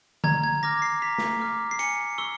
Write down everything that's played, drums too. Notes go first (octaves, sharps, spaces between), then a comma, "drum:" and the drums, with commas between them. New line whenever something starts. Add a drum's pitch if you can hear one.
A#5 G#6, drum: tom D3
G#6
D6 F6 A#6
C7
A#5 B6
drum: snare
D6 F6
C7
G#5 C#7, drum: hi-hat
C#6 E6 G7